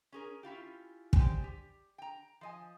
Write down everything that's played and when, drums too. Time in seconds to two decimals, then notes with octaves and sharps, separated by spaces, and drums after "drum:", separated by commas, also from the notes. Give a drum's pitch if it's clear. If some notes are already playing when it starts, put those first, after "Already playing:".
0.12 C#4 G#4 A#4
0.43 C#4 E4 F4 G4
1.13 G3 G#3 C4 G4 G#5, drum: kick
1.44 G4
1.98 G5 A#5
2.41 F3 D#5 G#5